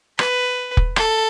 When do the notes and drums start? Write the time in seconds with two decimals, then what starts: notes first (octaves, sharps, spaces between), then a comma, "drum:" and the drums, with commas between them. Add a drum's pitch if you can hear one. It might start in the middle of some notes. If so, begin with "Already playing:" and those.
0.19 B4, drum: rim click
0.77 drum: kick
0.96 A4, drum: rim click